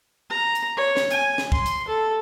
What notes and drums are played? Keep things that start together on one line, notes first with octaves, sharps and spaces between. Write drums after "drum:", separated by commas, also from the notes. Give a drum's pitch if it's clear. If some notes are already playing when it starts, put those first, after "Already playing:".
A#5
drum: hi-hat
C#5
drum: snare
G#5, drum: hi-hat
drum: snare
C6, drum: kick
drum: hi-hat
A4